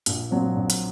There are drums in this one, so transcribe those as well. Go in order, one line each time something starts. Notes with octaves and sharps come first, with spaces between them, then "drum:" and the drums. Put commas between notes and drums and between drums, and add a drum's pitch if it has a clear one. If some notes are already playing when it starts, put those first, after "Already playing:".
A#1, drum: hi-hat
A#2 F#3 C4
A#1
drum: hi-hat